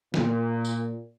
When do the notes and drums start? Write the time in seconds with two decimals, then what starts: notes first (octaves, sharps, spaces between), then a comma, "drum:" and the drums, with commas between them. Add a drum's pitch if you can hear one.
0.14 A#2, drum: snare
0.65 drum: tambourine